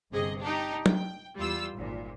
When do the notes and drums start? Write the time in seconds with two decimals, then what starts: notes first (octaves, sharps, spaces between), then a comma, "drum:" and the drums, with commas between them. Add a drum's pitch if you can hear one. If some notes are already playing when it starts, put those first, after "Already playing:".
0.12 G1 C3 G#4 D#5
0.42 D4 D#4 G4
0.86 G5, drum: tom
1.37 E2 G3 F4 E6
1.75 G#1 A#2